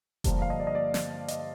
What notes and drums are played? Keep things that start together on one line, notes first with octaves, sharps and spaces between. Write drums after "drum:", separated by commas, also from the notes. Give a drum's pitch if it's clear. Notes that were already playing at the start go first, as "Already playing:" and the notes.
G2 D3 F3 A#3 D4 G4, drum: kick F1, hi-hat
F5
D#5
D5
D#5
D5
drum: snare
D#5, drum: hi-hat